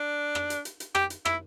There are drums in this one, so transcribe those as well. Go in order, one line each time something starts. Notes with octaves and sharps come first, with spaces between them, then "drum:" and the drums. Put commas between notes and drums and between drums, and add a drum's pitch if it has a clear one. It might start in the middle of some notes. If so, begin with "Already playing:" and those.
Already playing: D4
drum: rim click
drum: hi-hat
drum: hi-hat
drum: hi-hat
G4, drum: rim click
drum: hi-hat
E4, drum: rim click